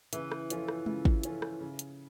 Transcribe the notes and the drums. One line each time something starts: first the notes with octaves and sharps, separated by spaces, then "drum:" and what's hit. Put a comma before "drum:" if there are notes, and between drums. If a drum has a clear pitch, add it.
C#3 E3, drum: hi-hat
drum: rim click
F3 C#4 F4 A4, drum: hi-hat
drum: rim click
C#3, drum: tom G#3
drum: kick
F3 C#4 F4 A4, drum: hi-hat
drum: rim click
C#3
drum: hi-hat